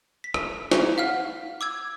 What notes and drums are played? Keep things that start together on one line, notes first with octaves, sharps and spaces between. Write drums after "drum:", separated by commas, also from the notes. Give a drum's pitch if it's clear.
B6
drum: rim click
drum: snare
F5 F#5 F6
D6 E6 G#6